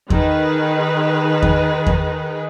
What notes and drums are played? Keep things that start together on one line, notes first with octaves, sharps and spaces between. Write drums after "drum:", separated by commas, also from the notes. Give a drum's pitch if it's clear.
D#3 G#4 B4, drum: kick E2
drum: kick E2
drum: kick E2